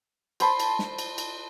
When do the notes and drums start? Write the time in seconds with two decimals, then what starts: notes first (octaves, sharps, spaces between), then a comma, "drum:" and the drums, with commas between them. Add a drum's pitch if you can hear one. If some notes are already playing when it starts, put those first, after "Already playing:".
0.40 C5 D5 A5 B5, drum: cymbal
0.60 drum: cymbal
0.79 drum: snare
0.99 drum: cymbal
1.18 drum: cymbal